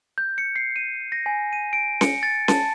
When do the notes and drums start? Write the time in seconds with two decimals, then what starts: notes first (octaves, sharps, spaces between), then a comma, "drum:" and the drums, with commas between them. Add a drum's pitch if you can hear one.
0.18 G6
0.38 C#7
0.56 C7
0.76 D#7
1.12 A#6
1.26 G#5
1.53 D#7
1.73 D7
2.01 C#7, drum: snare C#4
2.23 A6
2.48 A5, drum: snare C#4